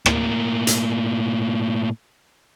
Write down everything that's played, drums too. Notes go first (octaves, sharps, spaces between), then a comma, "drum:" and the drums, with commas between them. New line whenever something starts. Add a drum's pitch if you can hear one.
A2 A#3, drum: rim click
drum: hi-hat